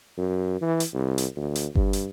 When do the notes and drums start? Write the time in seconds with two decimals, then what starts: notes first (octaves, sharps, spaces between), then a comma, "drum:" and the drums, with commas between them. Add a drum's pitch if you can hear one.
0.18 F#2
0.61 E3
0.80 drum: hi-hat
0.94 C2
1.18 drum: hi-hat
1.36 D2
1.56 drum: hi-hat
1.75 G2, drum: kick G1
1.93 drum: hi-hat